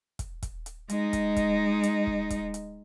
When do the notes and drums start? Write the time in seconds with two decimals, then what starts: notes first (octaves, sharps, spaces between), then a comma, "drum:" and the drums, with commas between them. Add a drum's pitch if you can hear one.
0.19 drum: kick, hi-hat
0.43 drum: kick, hi-hat
0.66 drum: hi-hat
0.89 G#3 D#4, drum: hi-hat
1.13 drum: kick, hi-hat
1.36 drum: kick, hi-hat
1.83 drum: hi-hat
2.07 drum: kick
2.30 drum: kick, hi-hat
2.54 drum: hi-hat